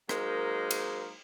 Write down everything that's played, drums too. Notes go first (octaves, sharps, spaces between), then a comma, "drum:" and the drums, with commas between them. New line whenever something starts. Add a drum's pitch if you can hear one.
F#3 G#3 A#3 D#4 A#4 C5, drum: rim click
drum: cymbal